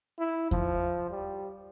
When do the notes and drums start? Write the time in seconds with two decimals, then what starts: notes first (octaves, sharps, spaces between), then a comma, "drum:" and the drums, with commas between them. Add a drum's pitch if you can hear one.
0.19 E4
0.51 F3, drum: kick E2
1.11 G3